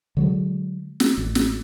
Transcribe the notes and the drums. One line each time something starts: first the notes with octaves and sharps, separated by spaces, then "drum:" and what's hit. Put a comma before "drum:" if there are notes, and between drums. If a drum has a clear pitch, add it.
D3 F#3 G#3
drum: snare
A1
drum: snare